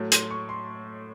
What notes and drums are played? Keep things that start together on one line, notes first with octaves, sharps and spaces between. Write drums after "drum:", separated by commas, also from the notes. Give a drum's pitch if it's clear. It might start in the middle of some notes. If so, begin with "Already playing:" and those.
Already playing: A2 F#3 A3
C6, drum: hi-hat
C#6
C6